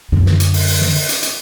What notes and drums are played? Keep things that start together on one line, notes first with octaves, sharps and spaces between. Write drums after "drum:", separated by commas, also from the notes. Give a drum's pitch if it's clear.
F#2 D3
drum: snare
drum: hi-hat
drum: open hi-hat
drum: open hi-hat
drum: snare
drum: open hi-hat
drum: hi-hat
drum: hi-hat